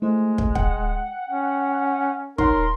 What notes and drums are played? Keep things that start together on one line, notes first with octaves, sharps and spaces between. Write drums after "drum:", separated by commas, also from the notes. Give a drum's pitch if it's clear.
G#3 A3 E4 C5
drum: kick
F#5 G5, drum: kick
C#4
D#4 A#4 C#5 F#5 C6, drum: kick